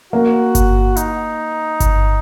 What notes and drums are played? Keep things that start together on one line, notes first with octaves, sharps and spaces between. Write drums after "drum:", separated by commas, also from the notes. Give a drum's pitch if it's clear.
A#3 F#4
drum: kick G1, hi-hat
D#4, drum: hi-hat
drum: kick G1, hi-hat